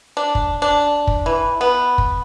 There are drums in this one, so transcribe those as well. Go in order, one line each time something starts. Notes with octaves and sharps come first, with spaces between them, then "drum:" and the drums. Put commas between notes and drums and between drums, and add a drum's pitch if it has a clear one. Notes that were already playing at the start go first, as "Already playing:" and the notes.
D4
drum: kick
D4
drum: kick
E3
B3
drum: kick